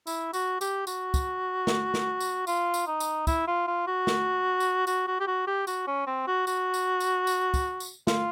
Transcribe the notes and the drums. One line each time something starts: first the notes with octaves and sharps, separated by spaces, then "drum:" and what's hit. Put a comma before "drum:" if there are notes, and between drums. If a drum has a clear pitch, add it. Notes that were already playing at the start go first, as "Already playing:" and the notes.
E4, drum: tambourine
F#4, drum: tambourine
G4, drum: tambourine
F#4, drum: tambourine
drum: kick, tambourine
drum: snare
drum: snare
drum: tambourine
F4, drum: tambourine
drum: tambourine
D#4
drum: tambourine
E4, drum: kick, tambourine
F4
F4
F#4
drum: snare
drum: tambourine
F#4, drum: tambourine
F#4
G4
F#4
G4
F#4, drum: tambourine
C#4
C4
F#4
F#4, drum: tambourine
drum: tambourine
drum: tambourine
drum: tambourine
drum: kick, tambourine
drum: tambourine
F4, drum: snare